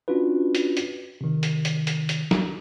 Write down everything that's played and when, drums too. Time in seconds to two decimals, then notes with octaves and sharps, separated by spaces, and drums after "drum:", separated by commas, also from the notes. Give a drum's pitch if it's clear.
0.08 C#4 D4 F4 F#4 B4
0.55 drum: hi-hat
0.77 drum: hi-hat
1.21 C3 D#3
1.43 drum: hi-hat
1.65 drum: hi-hat
1.87 drum: hi-hat
2.09 drum: hi-hat
2.31 drum: snare